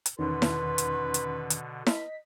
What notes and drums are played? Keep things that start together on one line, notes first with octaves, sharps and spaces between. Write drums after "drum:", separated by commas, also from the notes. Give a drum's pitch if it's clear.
drum: hi-hat
E2 B2 D3 D#3 C#4 B4 C6
drum: snare E4
drum: hi-hat
drum: hi-hat
drum: hi-hat
D#5 B6, drum: snare E4